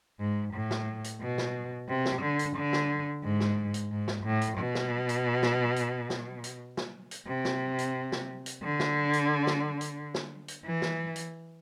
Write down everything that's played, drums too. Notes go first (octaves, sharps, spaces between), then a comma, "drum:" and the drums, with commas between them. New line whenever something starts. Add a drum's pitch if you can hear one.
G#2
A2
drum: snare
drum: hi-hat
B2
drum: snare
C3
drum: snare
D3
drum: hi-hat
D3
drum: snare
G#2
drum: snare
drum: hi-hat
G#2
drum: snare
A2
drum: hi-hat
B2
drum: snare
drum: hi-hat
drum: snare
drum: hi-hat
drum: snare
drum: hi-hat
drum: snare
drum: hi-hat
C3
drum: snare
drum: hi-hat
drum: snare
drum: hi-hat
D3
drum: snare
drum: hi-hat
drum: snare
drum: hi-hat
drum: snare
drum: hi-hat
E3
drum: snare
drum: hi-hat